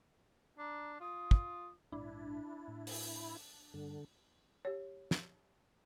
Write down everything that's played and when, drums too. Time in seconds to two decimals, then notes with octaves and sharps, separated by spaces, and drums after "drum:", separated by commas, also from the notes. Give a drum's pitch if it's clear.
0.58 D4 A#5
1.00 F4 D#6
1.31 drum: kick
1.92 A#1 G#2 D4 E4
2.68 A2
2.87 drum: open hi-hat
3.74 G2 D3
4.65 G4 C#5
5.11 drum: snare